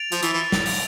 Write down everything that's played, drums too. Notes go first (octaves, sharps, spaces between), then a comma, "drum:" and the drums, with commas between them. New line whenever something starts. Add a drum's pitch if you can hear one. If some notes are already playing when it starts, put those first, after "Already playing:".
Already playing: A6 D7 F7
F3, drum: hi-hat
E3, drum: hi-hat
E3
drum: snare
drum: open hi-hat